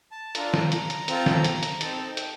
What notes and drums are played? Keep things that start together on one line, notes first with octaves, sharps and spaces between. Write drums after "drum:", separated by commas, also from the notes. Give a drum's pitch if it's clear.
A5
D4 F4 A4 A#5, drum: hi-hat
drum: snare
drum: hi-hat
drum: hi-hat
C4 F4 A4, drum: hi-hat
drum: snare
drum: hi-hat
drum: hi-hat
C4 D#4 A4 A5, drum: hi-hat
G5
drum: hi-hat